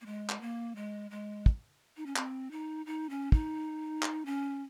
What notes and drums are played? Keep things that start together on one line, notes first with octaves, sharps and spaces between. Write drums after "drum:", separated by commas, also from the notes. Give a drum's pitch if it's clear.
A#3
G#3
drum: clap
A#3
G#3
G#3
drum: kick
D#4
C#4
C4, drum: clap
D#4
D#4
C#4
D#4, drum: kick
drum: clap
C#4